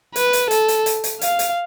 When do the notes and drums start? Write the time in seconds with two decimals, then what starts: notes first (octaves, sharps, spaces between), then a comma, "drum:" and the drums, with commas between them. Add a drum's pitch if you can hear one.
0.16 B4, drum: hi-hat
0.33 drum: hi-hat
0.51 A4, drum: hi-hat
0.68 drum: hi-hat
0.86 drum: hi-hat
1.04 drum: hi-hat
1.21 F5, drum: hi-hat
1.39 drum: hi-hat